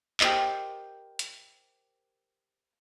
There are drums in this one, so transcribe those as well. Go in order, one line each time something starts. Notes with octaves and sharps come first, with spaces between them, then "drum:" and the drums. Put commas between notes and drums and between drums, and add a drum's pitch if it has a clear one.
G4 A#4 C5 D#5, drum: clap
drum: hi-hat